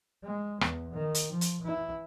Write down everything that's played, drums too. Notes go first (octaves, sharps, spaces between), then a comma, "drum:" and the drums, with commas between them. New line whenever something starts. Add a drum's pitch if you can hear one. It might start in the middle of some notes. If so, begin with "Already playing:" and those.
G#3
E2, drum: rim click
D#3
drum: hi-hat
F3
drum: hi-hat
E3 E4